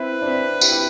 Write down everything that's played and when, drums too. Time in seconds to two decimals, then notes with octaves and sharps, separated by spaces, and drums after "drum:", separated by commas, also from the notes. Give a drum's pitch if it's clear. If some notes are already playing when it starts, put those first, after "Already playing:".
Already playing: C4 E4 B4
0.22 D4
0.26 C4
0.61 E4 G4, drum: tambourine
0.72 G4